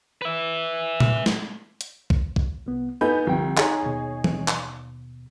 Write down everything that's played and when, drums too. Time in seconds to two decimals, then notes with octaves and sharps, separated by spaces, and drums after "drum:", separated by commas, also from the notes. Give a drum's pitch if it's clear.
0.22 B4 E5
1.00 drum: tom
1.26 drum: snare
1.81 drum: hi-hat
2.10 drum: kick
2.36 drum: kick
2.66 C2 B3
3.01 B3 D#4 A4 G#5 B5 G6
3.27 C2 D3 F3 G5
3.57 D#4 G#4 C#5 A#5, drum: clap
3.83 D#2 B2
4.24 drum: tom E3
4.48 drum: clap